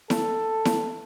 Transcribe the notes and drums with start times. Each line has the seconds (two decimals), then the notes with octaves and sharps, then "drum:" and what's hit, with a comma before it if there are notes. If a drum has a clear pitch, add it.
0.10 A4, drum: snare E4
0.65 drum: snare E4